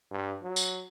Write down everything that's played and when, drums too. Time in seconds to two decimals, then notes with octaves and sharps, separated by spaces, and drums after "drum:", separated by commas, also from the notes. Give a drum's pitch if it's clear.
0.11 G2
0.43 F#3
0.56 drum: tambourine